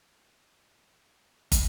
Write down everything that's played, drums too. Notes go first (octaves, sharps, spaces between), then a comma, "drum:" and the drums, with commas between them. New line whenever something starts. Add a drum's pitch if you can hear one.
A4 A#4 E5
D#5 G5 B5 D#6
C6 D#6 D#7
A4 C5 C#5 D#5 F5 G5
drum: kick, hi-hat